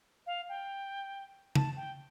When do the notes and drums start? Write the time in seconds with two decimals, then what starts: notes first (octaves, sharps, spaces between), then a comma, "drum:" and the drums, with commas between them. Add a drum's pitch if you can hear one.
0.27 F5
0.49 G5
1.55 A5, drum: tom
1.77 G5